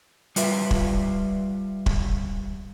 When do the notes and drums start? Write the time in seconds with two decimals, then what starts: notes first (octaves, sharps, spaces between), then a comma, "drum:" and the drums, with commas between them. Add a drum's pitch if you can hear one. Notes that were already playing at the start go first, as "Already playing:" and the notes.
0.36 G3 F4 B4 E5, drum: hi-hat
0.71 drum: kick
1.86 drum: kick